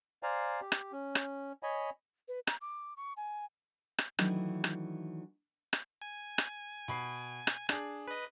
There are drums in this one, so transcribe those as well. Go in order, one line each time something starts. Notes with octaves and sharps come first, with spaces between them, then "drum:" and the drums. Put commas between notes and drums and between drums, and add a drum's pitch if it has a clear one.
C5 D5 F5 G#5 A#5
G4
drum: rim click
C#4
drum: rim click
C#5 D#5 G#5 B5
B4
A#5, drum: rim click
D6
C#6
G#5
drum: rim click
D#3 E3 F#3 A3 D4, drum: rim click
drum: rim click
drum: rim click
G#5
drum: rim click
B2 B5 C7
drum: rim click
D4 G#4, drum: rim click
B4 D#5